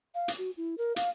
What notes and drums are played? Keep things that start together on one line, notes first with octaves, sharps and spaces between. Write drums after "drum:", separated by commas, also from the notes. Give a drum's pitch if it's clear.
F5
drum: hi-hat
F#4
E4
A#4
F5, drum: hi-hat